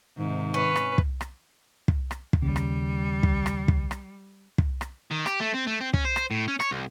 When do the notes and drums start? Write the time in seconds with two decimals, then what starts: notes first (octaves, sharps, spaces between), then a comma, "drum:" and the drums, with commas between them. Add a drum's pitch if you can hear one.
0.18 G#2 C3 D#3
0.54 C#4 B4
0.76 drum: rim click
0.98 drum: kick
1.21 drum: rim click
1.88 drum: kick
2.11 drum: rim click
2.33 drum: kick
2.42 D#2 C#3 G3
2.56 drum: rim click
3.23 drum: kick
3.46 drum: rim click
3.68 drum: kick
3.91 drum: rim click
4.58 drum: kick
4.81 drum: rim click
5.11 D#3
5.26 G4, drum: rim click
5.40 A3
5.54 C4
5.67 A3
5.81 C4
5.94 C#4, drum: kick
6.05 C5
6.16 drum: rim click
6.31 A2
6.48 C#4
6.60 C#5, drum: rim click
6.71 C2